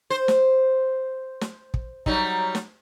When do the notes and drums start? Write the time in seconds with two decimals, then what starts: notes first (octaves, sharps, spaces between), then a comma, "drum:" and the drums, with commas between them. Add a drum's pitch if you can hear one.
0.10 C5
0.28 drum: snare
1.41 drum: snare
1.74 drum: kick
2.06 F#3 G3 D#4, drum: kick
2.55 drum: snare